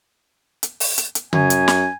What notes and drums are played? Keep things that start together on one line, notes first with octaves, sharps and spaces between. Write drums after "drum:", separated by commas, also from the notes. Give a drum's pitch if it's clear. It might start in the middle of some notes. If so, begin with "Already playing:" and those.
drum: hi-hat
drum: open hi-hat
drum: hi-hat
drum: hi-hat
F#2 G#5, drum: tom C#3
drum: hi-hat
drum: snare